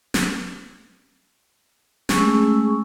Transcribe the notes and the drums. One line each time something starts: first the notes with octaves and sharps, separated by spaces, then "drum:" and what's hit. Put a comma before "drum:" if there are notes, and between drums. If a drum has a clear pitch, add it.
drum: snare
G#3 A3 C#4 G#4 C#6 E6, drum: snare